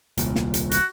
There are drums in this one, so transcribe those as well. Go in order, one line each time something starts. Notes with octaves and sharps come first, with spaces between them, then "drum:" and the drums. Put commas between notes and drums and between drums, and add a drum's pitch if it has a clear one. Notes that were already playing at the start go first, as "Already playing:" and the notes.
D#1 C2 A#2, drum: hi-hat
drum: snare
drum: hi-hat
F#4, drum: hi-hat